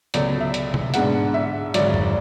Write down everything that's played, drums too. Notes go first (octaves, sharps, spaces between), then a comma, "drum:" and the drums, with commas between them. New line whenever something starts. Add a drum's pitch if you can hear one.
C#2 B2 F#3 A3 D5, drum: hi-hat
E5
drum: hi-hat
drum: tom B2
G#2 G#3 B3 D4 F#5, drum: hi-hat
E5
G#1 G#2 F#3 D5, drum: hi-hat
drum: tom F2